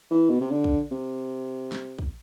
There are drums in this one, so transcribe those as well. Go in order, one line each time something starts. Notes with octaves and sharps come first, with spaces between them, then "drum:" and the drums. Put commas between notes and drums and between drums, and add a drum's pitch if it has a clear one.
E3
B2
C3
D3
drum: kick
C3
drum: snare
drum: kick